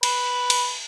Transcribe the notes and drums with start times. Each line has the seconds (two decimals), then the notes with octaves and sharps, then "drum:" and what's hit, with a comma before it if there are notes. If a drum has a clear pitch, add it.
0.03 B4, drum: cymbal
0.50 drum: cymbal